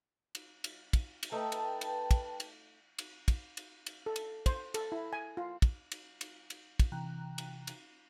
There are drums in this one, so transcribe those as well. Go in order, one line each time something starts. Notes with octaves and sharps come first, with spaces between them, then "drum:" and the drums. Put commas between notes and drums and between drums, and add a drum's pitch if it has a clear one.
drum: cymbal
drum: cymbal
drum: kick, cymbal
drum: cymbal
A3 D#4 B4 G5 A5
drum: cymbal
drum: cymbal
drum: kick, cymbal
drum: cymbal
drum: cymbal
drum: kick, cymbal
drum: cymbal
drum: cymbal
A4
drum: cymbal
C5, drum: kick, cymbal
A4, drum: cymbal
E4
G#5
F4
drum: kick, cymbal
drum: cymbal
drum: cymbal
drum: cymbal
drum: kick, cymbal
C3 E3 G5 A#5 F#6
drum: cymbal
drum: cymbal